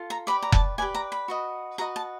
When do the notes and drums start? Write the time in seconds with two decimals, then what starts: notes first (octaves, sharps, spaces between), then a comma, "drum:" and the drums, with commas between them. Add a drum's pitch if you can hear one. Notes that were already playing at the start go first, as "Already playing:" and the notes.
Already playing: F4 A4
0.10 A#5
0.27 G4 B4 D5 B5
0.42 A#5
0.52 A5, drum: kick F1
0.78 G4 B4 D5 G#5
0.95 A#5
1.12 B5
1.28 F#4 B4 D#5
1.78 F#4 B4 D#5 A#5
1.96 A5